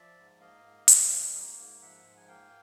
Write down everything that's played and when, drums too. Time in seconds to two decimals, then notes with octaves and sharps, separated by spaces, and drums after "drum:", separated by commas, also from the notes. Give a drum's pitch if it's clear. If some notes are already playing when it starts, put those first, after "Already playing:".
Already playing: F3 D5 E5
0.17 G#2
0.40 A#3 D#5 F5
0.64 G#2
0.88 F3, drum: hi-hat
1.10 G#2
1.35 A#3
1.58 G#2
1.82 F3 E5 F#5
2.05 G#2
2.17 G#5
2.28 A#3 F5 G5